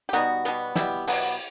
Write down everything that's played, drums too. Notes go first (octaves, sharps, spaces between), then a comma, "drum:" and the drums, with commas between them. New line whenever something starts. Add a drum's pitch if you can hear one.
G4
B2 G3 B3 D#4 F#4
B2 G3 B3, drum: hi-hat
B2 G3 B3 E4 G4, drum: snare
B2 F#3 B3, drum: open hi-hat